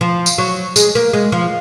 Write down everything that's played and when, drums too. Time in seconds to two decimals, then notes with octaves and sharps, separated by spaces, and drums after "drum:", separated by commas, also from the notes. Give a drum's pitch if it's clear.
0.01 F3
0.26 drum: tambourine
0.38 F#3
0.76 G#3, drum: tambourine
0.95 A#3
1.13 G#3
1.32 F3